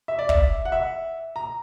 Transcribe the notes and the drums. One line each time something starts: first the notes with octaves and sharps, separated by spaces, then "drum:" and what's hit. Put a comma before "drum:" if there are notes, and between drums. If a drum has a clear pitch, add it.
E5
D5
E5, drum: kick
F#5
E5
A#5